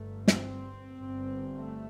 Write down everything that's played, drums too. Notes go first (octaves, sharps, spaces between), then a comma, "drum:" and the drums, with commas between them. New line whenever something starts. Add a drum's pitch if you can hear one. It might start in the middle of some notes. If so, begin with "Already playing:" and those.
Already playing: G1 G2 A3
C4, drum: snare
G1 G2
A3